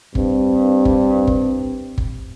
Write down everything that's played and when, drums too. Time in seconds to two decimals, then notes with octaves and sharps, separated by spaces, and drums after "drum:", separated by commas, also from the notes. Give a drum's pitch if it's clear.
0.15 G2 C4, drum: kick G1
0.85 drum: kick G1
1.27 drum: kick G1
1.98 drum: kick G1